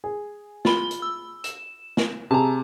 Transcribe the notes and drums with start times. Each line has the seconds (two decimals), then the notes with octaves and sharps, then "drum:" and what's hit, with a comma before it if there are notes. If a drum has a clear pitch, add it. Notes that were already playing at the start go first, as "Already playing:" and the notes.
0.04 G#4
0.65 F4 B5 G7, drum: snare
0.91 drum: hi-hat
1.02 E6
1.44 E7, drum: hi-hat
1.97 drum: snare
2.31 C3 G#4 A5 A#5